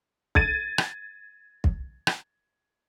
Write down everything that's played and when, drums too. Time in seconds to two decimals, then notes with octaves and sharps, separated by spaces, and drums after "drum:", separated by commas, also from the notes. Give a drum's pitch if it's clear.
0.35 G#6 A6 D#7, drum: kick
0.78 drum: rim click
1.64 drum: kick
2.07 drum: rim click